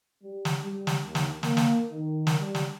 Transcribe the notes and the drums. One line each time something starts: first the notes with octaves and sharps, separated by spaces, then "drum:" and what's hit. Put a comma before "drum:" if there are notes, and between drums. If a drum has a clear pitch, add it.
G3
drum: snare
G3
drum: snare
D#2
drum: snare
A#3, drum: snare
drum: snare
D#3
drum: snare
G3
drum: snare